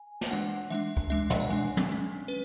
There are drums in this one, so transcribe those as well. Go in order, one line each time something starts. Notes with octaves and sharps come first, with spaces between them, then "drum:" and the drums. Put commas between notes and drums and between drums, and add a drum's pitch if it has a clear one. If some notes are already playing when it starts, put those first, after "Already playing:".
Already playing: G#5
drum: snare
E3 G#3 D4 F#5
E3 G#3 D4 E5
drum: kick C#2
E3 G#3 D4 E5
E5, drum: tom
F#5
E3 G#3 D4 G#5
drum: tom
G#3 C#4
C#4 B4